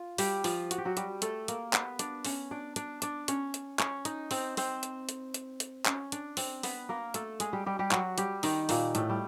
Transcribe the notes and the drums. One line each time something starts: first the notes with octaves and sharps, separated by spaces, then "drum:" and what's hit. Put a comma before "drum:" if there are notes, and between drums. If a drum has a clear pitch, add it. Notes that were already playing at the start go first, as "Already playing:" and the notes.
Already playing: F4
G3 G4, drum: open hi-hat
F3 F4, drum: open hi-hat
F#4, drum: hi-hat
G4
F#3 F#4
G3 G4, drum: hi-hat
A3 A4, drum: hi-hat
A#3 A#4, drum: hi-hat
B3 B4, drum: clap
D4 D5, drum: hi-hat
C#4 C#5, drum: open hi-hat
D4 D5
D4 D5, drum: hi-hat
D4 D5, drum: hi-hat
C#4 C#5, drum: hi-hat
drum: hi-hat
C#4 C#5, drum: clap
D#4 D#5, drum: hi-hat
C4 C5, drum: open hi-hat
C4 C5, drum: open hi-hat
drum: hi-hat
drum: hi-hat
drum: hi-hat
drum: hi-hat
C#4 C#5, drum: clap
D4 D5, drum: hi-hat
C4 C5, drum: open hi-hat
B3 B4, drum: open hi-hat
A#3 A#4
A3 A4, drum: hi-hat
G#3 G#4, drum: hi-hat
G3 G4
G3 G4
G3 G4
F#3 F#4, drum: clap
G3 G4, drum: hi-hat
D#3 D#4, drum: open hi-hat
A#2 A#3, drum: open hi-hat
A2 A3, drum: hi-hat
G3